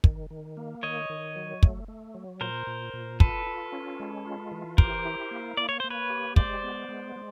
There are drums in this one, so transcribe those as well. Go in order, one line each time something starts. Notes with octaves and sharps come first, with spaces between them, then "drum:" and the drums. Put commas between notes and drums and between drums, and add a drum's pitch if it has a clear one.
D#3, drum: kick
D#3
A#3
D#3 C#5 D#5
D#3
F#3
A3, drum: kick
A3
F#3
A#2 A#4 C5
A#2
A#2
F4 A4 B4, drum: kick
F4
C#4
G#3
F4
E3
G4 A#4 C5, drum: kick
E4
A#3
A#3 D5
C#5
A#3 C5
B4 C#5
G4
G#3 C5 D5, drum: kick
B3
G#3
G#3